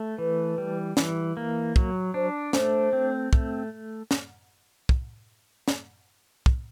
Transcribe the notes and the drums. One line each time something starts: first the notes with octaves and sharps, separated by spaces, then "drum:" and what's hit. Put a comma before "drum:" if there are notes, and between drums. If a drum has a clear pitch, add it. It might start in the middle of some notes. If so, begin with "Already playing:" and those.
Already playing: A3
E3 B4
G3
E3, drum: snare
A#3
F#3, drum: kick
D4 C5
A3 C5, drum: snare
C4
A3, drum: kick
drum: snare
drum: kick
drum: snare
drum: kick